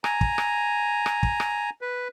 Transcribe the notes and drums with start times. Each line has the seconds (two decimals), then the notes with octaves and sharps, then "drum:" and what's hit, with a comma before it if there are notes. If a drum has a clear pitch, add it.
0.04 G#5 A#5, drum: rim click
0.21 drum: kick
0.38 drum: rim click
1.06 drum: rim click
1.23 drum: kick
1.40 drum: rim click
1.81 B4